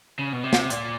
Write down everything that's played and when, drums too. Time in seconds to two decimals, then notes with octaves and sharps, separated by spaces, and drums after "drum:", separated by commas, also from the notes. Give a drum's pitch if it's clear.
0.19 C#3
0.33 B2
0.44 C3
0.53 drum: snare
0.70 A#2, drum: hi-hat